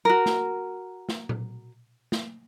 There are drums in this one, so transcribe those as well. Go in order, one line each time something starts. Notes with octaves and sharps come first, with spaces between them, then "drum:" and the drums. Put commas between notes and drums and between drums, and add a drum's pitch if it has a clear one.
F#4 A#4
drum: snare
drum: snare
drum: tom A#2
drum: snare